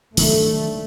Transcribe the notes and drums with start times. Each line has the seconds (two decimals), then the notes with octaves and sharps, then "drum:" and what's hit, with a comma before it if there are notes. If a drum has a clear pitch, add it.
0.17 D#3 F#3 A3 D4, drum: open hi-hat